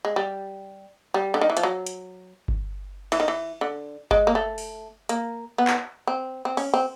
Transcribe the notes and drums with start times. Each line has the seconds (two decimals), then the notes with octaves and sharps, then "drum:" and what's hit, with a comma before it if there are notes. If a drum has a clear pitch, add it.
0.05 G#3
0.16 G3
1.14 G3
1.34 D3
1.41 D#3
1.50 E3
1.57 F3, drum: hi-hat
1.63 F#3
1.86 drum: hi-hat
2.48 drum: kick G1
3.12 E3, drum: cymbal
3.20 D#3
3.28 E3
3.61 D3
4.11 G#3, drum: kick G1
4.27 A#3
4.35 A3
4.58 drum: open hi-hat
5.09 A#3, drum: hi-hat
5.58 B3
5.67 drum: clap
6.07 C4
6.45 C4
6.57 C#4, drum: cymbal
6.74 C4